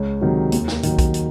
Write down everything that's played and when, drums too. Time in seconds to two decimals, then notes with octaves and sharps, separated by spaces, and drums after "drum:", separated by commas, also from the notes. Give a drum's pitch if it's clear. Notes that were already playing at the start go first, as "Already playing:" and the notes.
Already playing: C#2 C#5
0.21 C3 D#3 F#3
0.52 D#2, drum: hi-hat
0.68 drum: snare
0.83 D#3 F#3, drum: hi-hat
0.99 drum: kick B1, hi-hat
1.14 drum: hi-hat